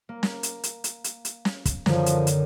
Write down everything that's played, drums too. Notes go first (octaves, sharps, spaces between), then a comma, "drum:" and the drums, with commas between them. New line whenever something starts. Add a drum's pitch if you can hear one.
A#3
drum: snare
drum: hi-hat
drum: hi-hat
drum: hi-hat
drum: hi-hat
drum: hi-hat
drum: snare
drum: kick, hi-hat
F#2 D3 D#3 F3, drum: snare
drum: hi-hat
drum: hi-hat